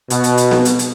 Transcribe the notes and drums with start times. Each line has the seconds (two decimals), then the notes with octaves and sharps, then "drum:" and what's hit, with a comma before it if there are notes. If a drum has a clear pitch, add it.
0.10 B2, drum: hi-hat
0.24 drum: hi-hat
0.37 drum: hi-hat
0.51 drum: snare B3
0.65 drum: hi-hat
0.79 drum: hi-hat